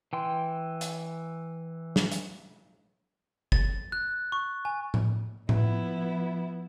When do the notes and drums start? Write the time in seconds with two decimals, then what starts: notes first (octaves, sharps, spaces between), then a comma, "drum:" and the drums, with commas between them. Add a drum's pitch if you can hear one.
0.13 E3 G5 C6
0.81 drum: hi-hat
1.96 drum: snare
2.12 drum: hi-hat
3.52 A6, drum: kick G1
3.92 F#6
4.32 C#6
4.65 G#5
4.94 drum: tom A2
5.49 F3 B3 E4, drum: tom A2